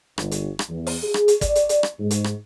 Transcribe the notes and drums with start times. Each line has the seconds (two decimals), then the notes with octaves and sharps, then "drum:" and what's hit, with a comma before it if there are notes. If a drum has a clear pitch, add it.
0.18 G1, drum: rim click
0.31 drum: hi-hat
0.59 drum: rim click
0.69 E2
0.87 drum: open hi-hat
1.03 G#4
1.14 drum: rim click
1.28 drum: hi-hat
1.41 D5, drum: kick, hi-hat
1.55 drum: hi-hat
1.69 drum: hi-hat
1.83 drum: rim click
2.00 G#2
2.11 drum: hi-hat
2.24 drum: rim click